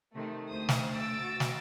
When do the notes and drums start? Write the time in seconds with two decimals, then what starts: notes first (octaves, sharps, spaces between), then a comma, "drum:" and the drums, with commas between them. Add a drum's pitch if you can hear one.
0.14 C3 D#3 A3
0.50 D2 A3 C5 D#6
0.69 drum: snare
0.92 E6 A6 D7
1.22 F#4
1.40 drum: snare